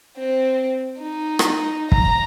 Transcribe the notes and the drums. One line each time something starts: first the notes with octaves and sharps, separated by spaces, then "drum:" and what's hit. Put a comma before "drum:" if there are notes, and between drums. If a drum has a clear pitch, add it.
C4
D#4
drum: rim click
A#5, drum: kick